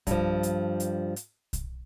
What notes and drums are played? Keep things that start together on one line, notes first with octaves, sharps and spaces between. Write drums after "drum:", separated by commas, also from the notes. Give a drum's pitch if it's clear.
G2 F3, drum: kick B1, hi-hat
drum: hi-hat
drum: hi-hat
drum: hi-hat
drum: kick B1, hi-hat